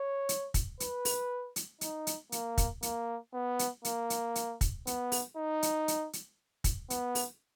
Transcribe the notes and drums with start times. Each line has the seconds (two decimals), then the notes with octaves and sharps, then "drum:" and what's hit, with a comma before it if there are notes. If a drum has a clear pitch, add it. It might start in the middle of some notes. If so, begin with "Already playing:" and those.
Already playing: C#5
0.29 drum: hi-hat
0.54 drum: kick, hi-hat
0.80 B4, drum: hi-hat
1.05 drum: open hi-hat
1.56 drum: hi-hat
1.81 D#4, drum: hi-hat
2.07 drum: hi-hat
2.32 A#3, drum: hi-hat
2.58 drum: kick, hi-hat
2.83 A#3, drum: hi-hat
3.33 B3
3.59 drum: hi-hat
3.85 A#3, drum: hi-hat
4.10 drum: hi-hat
4.35 drum: hi-hat
4.61 drum: kick, hi-hat
4.87 B3, drum: hi-hat
5.12 drum: open hi-hat
5.37 D#4
5.63 drum: hi-hat
5.88 drum: hi-hat
6.13 drum: hi-hat
6.64 drum: kick, hi-hat
6.90 B3, drum: hi-hat
7.15 drum: open hi-hat